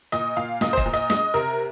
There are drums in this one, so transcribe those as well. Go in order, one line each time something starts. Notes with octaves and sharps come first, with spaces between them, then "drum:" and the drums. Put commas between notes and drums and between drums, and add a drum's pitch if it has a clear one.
A#2 D#5, drum: hi-hat
A#2 F5
A#2 D#5, drum: snare
C5
D#5, drum: kick, hi-hat
A#2
D#5, drum: hi-hat
G#3 D#5, drum: snare
C3 A#4